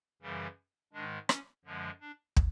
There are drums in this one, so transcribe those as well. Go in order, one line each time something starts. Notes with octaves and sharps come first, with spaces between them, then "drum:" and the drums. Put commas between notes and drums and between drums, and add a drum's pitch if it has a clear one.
F#2 C#3 E3 G3
G#2 D#3 G#3 D4
C#4, drum: rim click
F#2 D3 F3 G#3
D4
drum: kick